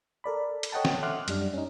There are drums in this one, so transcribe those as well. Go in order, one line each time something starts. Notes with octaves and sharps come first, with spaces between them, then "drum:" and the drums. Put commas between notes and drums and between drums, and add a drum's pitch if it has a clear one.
A4 A#4 D5 B5
drum: hi-hat
A4 C#5 D#5 F#5 G5 A5
drum: snare
E5 F#5 C6 D6 F6 F#6
F#2 G3 D4 F6, drum: hi-hat
C#4 D#4